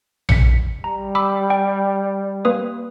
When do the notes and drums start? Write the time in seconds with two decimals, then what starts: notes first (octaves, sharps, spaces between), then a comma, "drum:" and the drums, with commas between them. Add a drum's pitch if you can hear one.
0.29 B6 C#7, drum: tom A#1
0.84 G3 A#5
1.15 B5 D6 E6
1.50 G5
2.45 A#3 B4 D#6